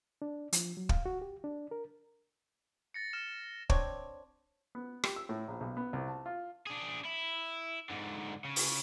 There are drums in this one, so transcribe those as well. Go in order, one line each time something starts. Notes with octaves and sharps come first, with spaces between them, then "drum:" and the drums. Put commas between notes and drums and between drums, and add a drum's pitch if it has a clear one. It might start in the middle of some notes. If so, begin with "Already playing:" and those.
D4
F3, drum: hi-hat
F#3
F5, drum: kick
F#4
G4
D4
A#4
A6 A#6 C#7
F6 E7
C4 D4 C#5, drum: kick
B3
G4, drum: rim click
E6
A2
A#1
B1
B3
C2
A5
F4
D4 G#4
E4
G#2 D3
C#3
drum: open hi-hat